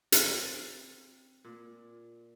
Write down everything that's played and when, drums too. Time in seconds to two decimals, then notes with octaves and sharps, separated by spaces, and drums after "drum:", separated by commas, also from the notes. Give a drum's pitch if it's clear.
0.12 C4, drum: hi-hat
1.45 A#2